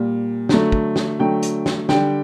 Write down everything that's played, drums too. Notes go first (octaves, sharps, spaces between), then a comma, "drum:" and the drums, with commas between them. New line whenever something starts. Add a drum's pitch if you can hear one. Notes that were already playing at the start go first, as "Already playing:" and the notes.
Already playing: A#2 G3
D3 F#3 A3, drum: snare
drum: kick
drum: snare
D3 F#3 A3 G5
drum: hi-hat
drum: snare
D3 G3 G5, drum: snare